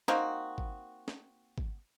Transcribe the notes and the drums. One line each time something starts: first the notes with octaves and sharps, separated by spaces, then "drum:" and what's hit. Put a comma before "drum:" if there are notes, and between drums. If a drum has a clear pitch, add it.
A#3 C4 D#4 F#4, drum: snare
drum: kick
drum: snare
drum: kick